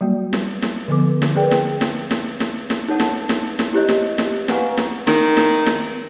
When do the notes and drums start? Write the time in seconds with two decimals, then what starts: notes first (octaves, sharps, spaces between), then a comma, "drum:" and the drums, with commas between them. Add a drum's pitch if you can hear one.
0.01 F#3 G3 A#3 F#4
0.33 drum: snare
0.62 drum: snare
0.88 D3 F3 B3 A4 D6
1.22 drum: snare
1.36 G#4 A#4 B4 D5 G5
1.51 drum: snare
1.81 drum: snare
2.11 drum: snare
2.40 drum: snare
2.70 drum: snare
2.88 D#4 A4 C#5 F#5 A5
3.00 drum: snare
3.29 drum: snare
3.59 drum: snare
3.73 E4 G4 C5 C#5 D#5
3.89 drum: snare
4.18 drum: snare
4.48 B4 F5 F#5 G#5 A#5 C#6, drum: snare
4.77 drum: snare
5.07 D#3, drum: snare
5.37 drum: snare
5.66 drum: snare